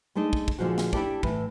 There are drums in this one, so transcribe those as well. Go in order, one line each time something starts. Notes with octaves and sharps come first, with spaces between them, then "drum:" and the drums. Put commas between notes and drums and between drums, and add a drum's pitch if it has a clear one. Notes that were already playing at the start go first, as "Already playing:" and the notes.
G#3 A3 D4 D#4 D#5
drum: kick
drum: kick
A#2 D3 D#3 F3 G#3 F#4
drum: snare
D4 E4 F4 G4 A4 D5, drum: kick
A2 E3, drum: kick